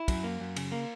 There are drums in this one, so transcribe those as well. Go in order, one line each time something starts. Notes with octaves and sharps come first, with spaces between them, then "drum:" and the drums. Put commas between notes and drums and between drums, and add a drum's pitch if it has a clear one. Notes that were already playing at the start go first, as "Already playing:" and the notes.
Already playing: E4
F#2, drum: kick, cymbal
A#3
F#2
C#3, drum: cymbal
A#3